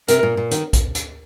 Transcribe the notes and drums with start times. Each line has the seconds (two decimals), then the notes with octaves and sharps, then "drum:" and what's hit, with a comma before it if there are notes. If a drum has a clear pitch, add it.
0.08 C3 A#4, drum: hi-hat
0.23 A#2
0.37 A#2
0.51 D#3, drum: hi-hat
0.73 drum: kick A#1, hi-hat
0.95 drum: hi-hat